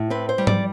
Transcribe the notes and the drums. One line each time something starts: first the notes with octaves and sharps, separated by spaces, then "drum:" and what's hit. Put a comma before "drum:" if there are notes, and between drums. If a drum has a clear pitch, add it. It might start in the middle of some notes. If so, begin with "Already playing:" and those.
Already playing: A2
C4 B4
C5
G3
D5, drum: tom